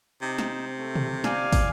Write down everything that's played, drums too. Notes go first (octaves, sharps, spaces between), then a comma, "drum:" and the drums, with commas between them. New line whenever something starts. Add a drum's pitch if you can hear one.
C3 D#4 C5
drum: snare
A3
drum: tom
D5 F5 G#5, drum: snare
drum: kick, open hi-hat